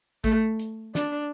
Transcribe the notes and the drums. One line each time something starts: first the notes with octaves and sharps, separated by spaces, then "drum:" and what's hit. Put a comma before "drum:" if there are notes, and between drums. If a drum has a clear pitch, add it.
A3, drum: kick A1, hi-hat
drum: hi-hat
D4, drum: snare